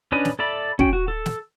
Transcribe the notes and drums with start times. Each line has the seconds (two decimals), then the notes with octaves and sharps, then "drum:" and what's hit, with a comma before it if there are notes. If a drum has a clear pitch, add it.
0.12 C#4 D4 B4 D#5
0.25 drum: snare
0.39 A4 D5 E5 B5
0.79 C#4 F#4 G5, drum: kick
0.93 F#4
1.08 A4
1.26 drum: snare